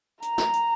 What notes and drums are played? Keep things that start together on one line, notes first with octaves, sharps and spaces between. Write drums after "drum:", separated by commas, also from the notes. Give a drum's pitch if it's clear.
A#5, drum: hi-hat
drum: snare
drum: hi-hat